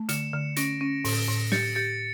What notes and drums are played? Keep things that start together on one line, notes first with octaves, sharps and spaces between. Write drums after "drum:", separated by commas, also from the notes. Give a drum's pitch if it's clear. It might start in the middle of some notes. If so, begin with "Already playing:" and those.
Already playing: A3
D3 C#7 E7, drum: hi-hat
D3
C#4 A#6 D7, drum: hi-hat
C#4
A2, drum: open hi-hat
A2
G4 A6 C#7, drum: snare
G4 A6 C#7